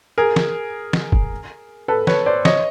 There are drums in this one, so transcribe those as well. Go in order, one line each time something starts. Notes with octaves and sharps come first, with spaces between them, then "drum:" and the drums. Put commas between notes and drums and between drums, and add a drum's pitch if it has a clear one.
G#4 A#4
drum: snare
drum: snare
drum: kick
A4 B4
B4 C#5, drum: snare
C5 D5
C#5 D#5, drum: snare